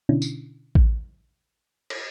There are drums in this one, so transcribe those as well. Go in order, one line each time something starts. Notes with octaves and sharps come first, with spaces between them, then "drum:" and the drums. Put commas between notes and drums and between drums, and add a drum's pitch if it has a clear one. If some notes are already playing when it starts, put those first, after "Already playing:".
B2 D3 C#4 D4 E4
drum: tambourine
drum: kick A1
drum: cymbal